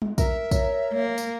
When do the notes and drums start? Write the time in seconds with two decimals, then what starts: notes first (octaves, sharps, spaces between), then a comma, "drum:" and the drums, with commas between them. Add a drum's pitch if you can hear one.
0.02 drum: tom G3
0.18 A#4 E5, drum: kick, tambourine
0.51 C#5, drum: kick, tambourine
0.93 A#3
1.18 drum: tambourine